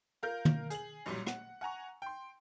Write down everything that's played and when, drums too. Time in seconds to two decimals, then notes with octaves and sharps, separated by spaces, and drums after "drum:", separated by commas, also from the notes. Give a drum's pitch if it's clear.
0.23 F4 A#4 G6
0.45 drum: tom
0.70 G#4 F#7, drum: hi-hat
1.06 A1 A#2 F#3 G3
1.27 F#5, drum: rim click
1.61 F#5 G#5 A#5 C#6
2.02 G5 C6